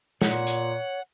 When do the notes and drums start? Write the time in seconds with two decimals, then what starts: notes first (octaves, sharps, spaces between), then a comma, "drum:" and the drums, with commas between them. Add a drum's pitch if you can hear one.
0.21 A#2 C#5 F#5, drum: snare
0.47 drum: hi-hat